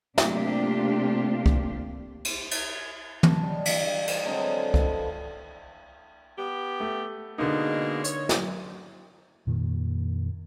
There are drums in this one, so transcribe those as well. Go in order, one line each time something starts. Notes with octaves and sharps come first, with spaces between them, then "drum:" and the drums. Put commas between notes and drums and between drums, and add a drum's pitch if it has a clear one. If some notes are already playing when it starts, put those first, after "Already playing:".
C3 A3 A#3 D4 F4 G4, drum: snare
drum: kick C2
drum: cymbal
drum: cymbal
A5, drum: tom
G3 D#5
drum: cymbal
drum: cymbal
D3 F#3 G#3 C4
F4 A4 B4 D#5, drum: kick C2
B3 G4
A3
B2 D3 G#3 A#3 D#4
C#5, drum: hi-hat
drum: snare
F2 A#2 D#3 A#3